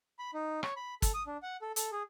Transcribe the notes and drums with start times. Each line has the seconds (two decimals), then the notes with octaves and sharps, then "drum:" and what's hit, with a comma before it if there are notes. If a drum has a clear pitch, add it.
0.19 B5
0.34 D#4
0.63 C#5, drum: rim click
0.76 B5
1.02 A4, drum: kick, hi-hat
1.14 D#6
1.27 D4
1.43 F#5
1.62 A4
1.76 A4, drum: hi-hat
1.92 G#4